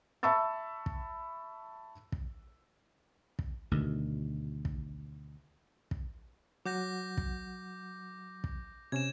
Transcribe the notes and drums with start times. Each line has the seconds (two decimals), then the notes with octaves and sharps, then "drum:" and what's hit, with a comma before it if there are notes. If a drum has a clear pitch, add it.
0.23 E5 A5 B5 C#6 E6 A6
0.86 drum: kick
2.12 drum: kick
3.39 drum: kick
3.71 D2 B2 D#3
4.65 drum: kick
5.91 drum: kick
6.66 F#3 F#5 D6 G6 A#6
7.17 drum: kick
8.44 drum: kick
8.92 C3 C#4 G#6 E7